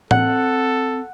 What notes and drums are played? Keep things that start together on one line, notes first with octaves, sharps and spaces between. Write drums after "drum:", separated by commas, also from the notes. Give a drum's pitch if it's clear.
C4 A4 F#5, drum: tom A2